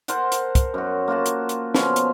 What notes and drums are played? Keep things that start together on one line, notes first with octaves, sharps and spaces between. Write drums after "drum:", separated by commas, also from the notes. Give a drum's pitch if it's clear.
A#4 C5 F#5 A5, drum: hi-hat
drum: hi-hat
drum: kick, hi-hat
F#2 F#4
A#3 F4 F#4 A5
drum: hi-hat
drum: hi-hat
B2 F3 C#4 C6, drum: snare
drum: hi-hat